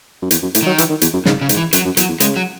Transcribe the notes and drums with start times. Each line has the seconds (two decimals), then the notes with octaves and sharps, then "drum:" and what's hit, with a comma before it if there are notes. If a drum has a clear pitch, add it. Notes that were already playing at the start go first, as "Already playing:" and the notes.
0.22 F#2
0.31 E2, drum: hi-hat
0.43 F#2
0.55 A2, drum: hi-hat
0.63 D#3 F#3
0.78 E3, drum: hi-hat
0.90 D#3
1.01 E2, drum: hi-hat
1.13 F#2
1.26 G#2 C#3, drum: snare
1.41 C#3
1.49 G#2, drum: hi-hat
1.57 E3
1.73 F#2 F#3, drum: hi-hat
1.85 F#2
1.97 E2 F#3, drum: hi-hat
2.09 E2
2.20 C#3 G#3, drum: hi-hat
2.36 F#3